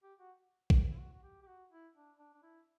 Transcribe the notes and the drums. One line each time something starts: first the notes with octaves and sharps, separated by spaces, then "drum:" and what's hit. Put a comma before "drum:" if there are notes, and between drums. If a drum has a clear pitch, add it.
G4
F#4
drum: kick
E4
F#4
F#4
G4
G4
F#4
E4
D4
D4
D4
E4